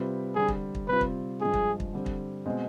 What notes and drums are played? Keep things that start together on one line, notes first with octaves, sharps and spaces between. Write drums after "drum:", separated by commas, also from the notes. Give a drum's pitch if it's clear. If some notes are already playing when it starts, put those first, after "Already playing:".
Already playing: C3 G3 C4 F4 B4
D3 G3 C4 G#4
drum: kick
drum: kick
C3 G3 C4 F4 B4
drum: kick
G2 F3 G#3 G#4
drum: kick
drum: kick
D3 G3 C4
drum: kick
B2 G#3 C4